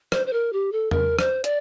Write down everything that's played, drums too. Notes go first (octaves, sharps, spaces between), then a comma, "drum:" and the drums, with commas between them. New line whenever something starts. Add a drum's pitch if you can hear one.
C5, drum: rim click
C5
A#4
G4
A4
A#4, drum: tom E2
C5, drum: rim click
D5, drum: hi-hat